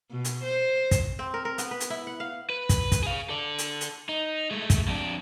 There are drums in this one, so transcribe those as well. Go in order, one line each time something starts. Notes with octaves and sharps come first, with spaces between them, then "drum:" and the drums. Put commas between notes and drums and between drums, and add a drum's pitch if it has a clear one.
B2
drum: hi-hat
C5
drum: kick, hi-hat
C4
A#4
A#4
B3, drum: hi-hat
B4
drum: hi-hat
E4
F#5
F5
B4
drum: kick, hi-hat
drum: kick, hi-hat
G#4 F5
A4 D5
drum: hi-hat
drum: hi-hat
D#4
G#3 A3
drum: kick, hi-hat
F2 D4